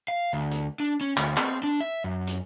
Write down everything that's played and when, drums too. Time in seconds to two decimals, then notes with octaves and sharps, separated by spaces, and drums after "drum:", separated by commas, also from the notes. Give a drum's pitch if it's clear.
0.08 F5
0.33 D2
0.51 drum: hi-hat
0.80 D4
1.01 C#4
1.17 D2, drum: clap
1.37 C4, drum: clap
1.64 D4
1.81 E5
2.04 F#2
2.27 drum: hi-hat